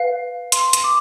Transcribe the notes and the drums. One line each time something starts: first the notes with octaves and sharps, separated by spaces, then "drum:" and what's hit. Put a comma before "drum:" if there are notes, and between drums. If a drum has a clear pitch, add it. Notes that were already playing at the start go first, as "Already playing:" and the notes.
Already playing: B4 F5
C6, drum: hi-hat
drum: hi-hat
D6